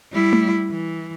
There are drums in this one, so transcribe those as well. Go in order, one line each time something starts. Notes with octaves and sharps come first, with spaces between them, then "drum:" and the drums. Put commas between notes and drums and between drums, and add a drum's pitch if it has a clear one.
G3 E4
drum: tom A3
E3